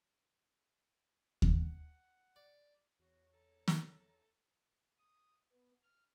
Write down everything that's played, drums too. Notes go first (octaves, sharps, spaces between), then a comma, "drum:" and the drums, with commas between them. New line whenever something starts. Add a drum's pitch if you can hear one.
F#5, drum: kick D#2
D5
E2 F#4 C#5
A4 A#5
drum: snare
D#6
B3
F6